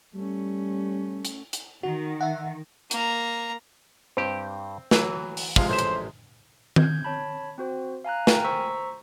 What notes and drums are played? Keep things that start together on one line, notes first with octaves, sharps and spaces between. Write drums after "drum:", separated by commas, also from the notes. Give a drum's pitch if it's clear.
G3 A3 C#4
drum: hi-hat
drum: hi-hat
D#3 F#4
E5 F#5
A#3 A#5, drum: hi-hat
G2 C4 G4
E3 F#3, drum: snare
drum: open hi-hat
C3 F3 G#3 F5, drum: kick
A1 C5 E5
drum: hi-hat
G6 G#6, drum: tom D#3
C#5 A5 B5
C4 F#4 C5
F5 G#5 A#5 F#6
A#4 G5 G#5 A#5, drum: snare
C5 A#5 C#6 E6 B6